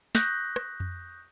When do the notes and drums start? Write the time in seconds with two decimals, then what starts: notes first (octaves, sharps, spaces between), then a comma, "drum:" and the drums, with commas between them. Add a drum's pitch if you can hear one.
0.15 C#6 D#6 F#6 G6 A#6 B6, drum: snare
0.56 drum: rim click
0.80 drum: tom F2